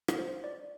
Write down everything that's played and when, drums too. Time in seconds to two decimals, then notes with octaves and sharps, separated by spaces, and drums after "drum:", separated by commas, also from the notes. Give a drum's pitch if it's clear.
0.08 drum: rim click
0.19 C5
0.44 D5